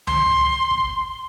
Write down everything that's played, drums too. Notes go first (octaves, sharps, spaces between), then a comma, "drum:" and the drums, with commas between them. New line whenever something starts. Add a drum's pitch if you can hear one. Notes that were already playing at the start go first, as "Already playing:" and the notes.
C6, drum: tom C#2
drum: kick